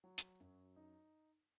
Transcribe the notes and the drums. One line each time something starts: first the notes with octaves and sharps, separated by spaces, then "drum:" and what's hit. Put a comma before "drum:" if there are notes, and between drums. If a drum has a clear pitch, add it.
F#3
drum: hi-hat
F#2
D#4